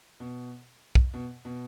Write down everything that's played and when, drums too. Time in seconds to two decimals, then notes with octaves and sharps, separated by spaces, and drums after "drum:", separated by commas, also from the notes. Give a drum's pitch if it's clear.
0.20 B2
0.95 drum: kick
1.14 B2
1.45 B2